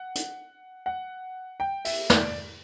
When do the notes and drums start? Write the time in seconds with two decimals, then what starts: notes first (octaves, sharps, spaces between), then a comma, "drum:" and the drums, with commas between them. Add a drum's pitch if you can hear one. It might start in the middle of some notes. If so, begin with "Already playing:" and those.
Already playing: F#5
0.15 drum: hi-hat
0.86 F#5
1.60 G5
1.85 E5, drum: open hi-hat
2.10 D5, drum: snare